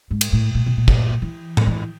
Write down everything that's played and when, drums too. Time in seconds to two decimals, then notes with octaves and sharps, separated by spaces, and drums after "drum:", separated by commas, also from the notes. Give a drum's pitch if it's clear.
0.11 G#2
0.21 drum: cymbal
0.33 A2
0.55 A#2
0.66 B2
0.77 A#2
0.88 drum: kick
1.22 E3
1.57 drum: tom A2
1.67 E3